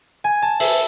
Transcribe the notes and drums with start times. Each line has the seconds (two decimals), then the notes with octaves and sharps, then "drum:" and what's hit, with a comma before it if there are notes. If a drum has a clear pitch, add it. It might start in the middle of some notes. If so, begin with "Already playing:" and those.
0.24 G#5
0.42 A5
0.60 E5, drum: open hi-hat